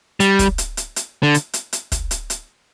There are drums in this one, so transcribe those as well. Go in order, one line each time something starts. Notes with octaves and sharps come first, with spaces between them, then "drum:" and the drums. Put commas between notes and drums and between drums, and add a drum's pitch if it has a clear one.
G3, drum: hi-hat
drum: kick, hi-hat
drum: hi-hat
drum: hi-hat
drum: hi-hat
D3
drum: hi-hat
drum: hi-hat
drum: hi-hat
drum: kick, hi-hat
drum: hi-hat
drum: hi-hat